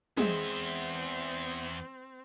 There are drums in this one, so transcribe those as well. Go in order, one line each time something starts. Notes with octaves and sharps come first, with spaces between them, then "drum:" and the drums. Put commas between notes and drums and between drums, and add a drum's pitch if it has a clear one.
E2 G#3 C4 E5, drum: tom
drum: cymbal